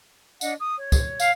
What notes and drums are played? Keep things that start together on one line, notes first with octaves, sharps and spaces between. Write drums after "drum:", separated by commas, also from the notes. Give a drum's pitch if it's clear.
D4 D#5 F#5, drum: tambourine
D#6
C#5
drum: kick, tambourine
F5, drum: tambourine